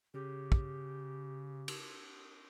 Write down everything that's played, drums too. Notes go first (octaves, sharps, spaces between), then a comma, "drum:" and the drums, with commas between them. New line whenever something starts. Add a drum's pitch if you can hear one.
C#3 G4
drum: kick
drum: cymbal